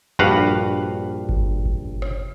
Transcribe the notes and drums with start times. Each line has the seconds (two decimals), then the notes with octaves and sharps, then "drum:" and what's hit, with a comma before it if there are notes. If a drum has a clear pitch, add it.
0.19 A#1 G2 F#4 B4 F5 F#5
1.29 drum: kick G1
1.66 drum: kick G1
2.02 drum: rim click